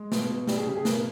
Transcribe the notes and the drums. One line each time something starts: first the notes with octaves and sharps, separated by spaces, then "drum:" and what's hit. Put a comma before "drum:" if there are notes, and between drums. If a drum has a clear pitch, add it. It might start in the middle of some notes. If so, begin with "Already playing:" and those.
Already playing: G#3
B2, drum: snare A3
B2
G3 G4, drum: snare A3
G#4
C#3 G4
G#4
B2 A#4, drum: snare A3